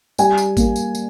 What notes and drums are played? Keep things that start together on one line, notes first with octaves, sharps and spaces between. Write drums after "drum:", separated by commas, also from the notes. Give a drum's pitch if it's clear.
G3 G#5, drum: tambourine
drum: tambourine
A#3, drum: kick G#1, tambourine
drum: tambourine
drum: tambourine